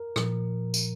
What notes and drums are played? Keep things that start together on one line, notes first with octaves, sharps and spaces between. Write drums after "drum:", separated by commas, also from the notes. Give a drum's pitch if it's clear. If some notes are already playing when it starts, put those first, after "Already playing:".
Already playing: A#4
A#2 F3, drum: rim click
drum: tambourine